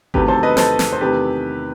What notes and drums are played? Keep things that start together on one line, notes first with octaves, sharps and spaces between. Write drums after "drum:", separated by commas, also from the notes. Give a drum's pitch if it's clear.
E2 C3 D#3 F#3 A3 G4 B4, drum: kick G#1
A4 C5
B4 D#5
A4 C5, drum: snare
drum: snare
C5
E2 C3 D#3 A3 G4 B4